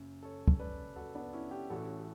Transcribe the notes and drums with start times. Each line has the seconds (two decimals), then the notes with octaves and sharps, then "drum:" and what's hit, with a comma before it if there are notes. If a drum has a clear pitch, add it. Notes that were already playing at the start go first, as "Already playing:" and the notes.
Already playing: F#1 F#2
0.23 A4 C#5
0.48 drum: kick
0.60 B4 D5
0.96 F#4 A4
1.15 B3 D4
1.33 C#4 E4
1.51 E4 G4
1.70 A1 A2 E3 F#4 A4